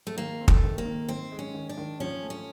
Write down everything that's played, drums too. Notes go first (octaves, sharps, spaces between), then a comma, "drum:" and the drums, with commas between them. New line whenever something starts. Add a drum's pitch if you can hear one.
A3
D#3 A#3
C4
A3, drum: kick
D#3
A#3
D#3
D#3 C4
G#3
C#4
D#3
D4
D#3
F3 C#4
A3
C#4